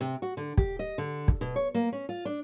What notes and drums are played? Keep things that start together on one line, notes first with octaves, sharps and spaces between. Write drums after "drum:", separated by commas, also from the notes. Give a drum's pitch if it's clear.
C3
F#4
D3
G4, drum: kick
D#5
D3
drum: kick
B2
C#5
A#3
C#4
F4
D4